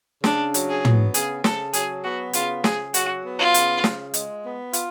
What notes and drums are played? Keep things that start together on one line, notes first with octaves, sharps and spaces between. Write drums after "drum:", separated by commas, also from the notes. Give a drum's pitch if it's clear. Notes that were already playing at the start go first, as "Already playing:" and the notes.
C#3 D4, drum: snare
F#3, drum: hi-hat
G#4
B3, drum: tom
C#3 G#4, drum: hi-hat
C#3 A4, drum: snare
F#3 G#4, drum: hi-hat
B3 F#4
C#3 F4, drum: hi-hat
C#3 G#4, drum: snare
F#3 F#4, drum: hi-hat
B3
F4
C#3, drum: hi-hat
C#3, drum: snare
G#3, drum: hi-hat
B3
F4, drum: hi-hat